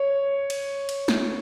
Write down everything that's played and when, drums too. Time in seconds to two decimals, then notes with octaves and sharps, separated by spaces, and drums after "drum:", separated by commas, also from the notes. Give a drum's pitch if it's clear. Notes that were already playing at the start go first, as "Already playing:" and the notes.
Already playing: C#5
0.50 drum: cymbal
0.89 drum: cymbal
1.08 drum: snare